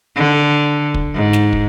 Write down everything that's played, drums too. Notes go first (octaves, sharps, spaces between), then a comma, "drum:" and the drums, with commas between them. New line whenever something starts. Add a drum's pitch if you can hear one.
D3
drum: kick
G#2
drum: snare
drum: kick